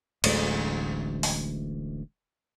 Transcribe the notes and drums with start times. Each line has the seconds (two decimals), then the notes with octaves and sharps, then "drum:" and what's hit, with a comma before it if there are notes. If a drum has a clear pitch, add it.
0.24 D1 A1 D2 G#3, drum: cymbal
1.23 drum: open hi-hat